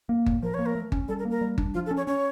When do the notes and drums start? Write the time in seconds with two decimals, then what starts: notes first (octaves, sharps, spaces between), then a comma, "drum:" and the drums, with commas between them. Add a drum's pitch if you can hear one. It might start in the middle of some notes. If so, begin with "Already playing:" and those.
0.09 A#3
0.26 A2, drum: kick G1
0.42 F3 A#4
0.54 A#3 C#5
0.66 A#4
0.75 A3
0.92 C#4, drum: kick G1
1.08 G3 A4
1.19 A#4
1.25 A#3
1.31 A#4
1.41 G3
1.58 D4, drum: kick G1
1.74 F3 F4
1.86 A4
1.91 C#4
1.97 C#5
2.07 C#4 C#5